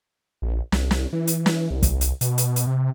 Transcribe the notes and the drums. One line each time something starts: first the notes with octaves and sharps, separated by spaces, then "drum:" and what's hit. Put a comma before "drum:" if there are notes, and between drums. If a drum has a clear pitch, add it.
A#1
C2, drum: snare
drum: snare
E3
drum: hi-hat
drum: snare
C2
drum: kick, hi-hat
drum: hi-hat
B2, drum: hi-hat
drum: hi-hat
drum: hi-hat
C3